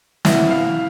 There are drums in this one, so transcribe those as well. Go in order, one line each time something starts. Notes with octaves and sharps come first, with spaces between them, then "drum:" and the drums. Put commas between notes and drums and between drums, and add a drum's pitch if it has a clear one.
B2 B3 E4 E5, drum: snare
F5